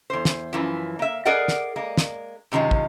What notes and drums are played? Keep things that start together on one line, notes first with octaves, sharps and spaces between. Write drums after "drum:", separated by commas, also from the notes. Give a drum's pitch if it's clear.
E2 C5
drum: snare
F#2 E3 F3
A#3 E5
G#4 A#4 D5 D#5 F#5
drum: snare
G#3 A#3
drum: snare
F#2 C3 D#3 F3 G#3
drum: kick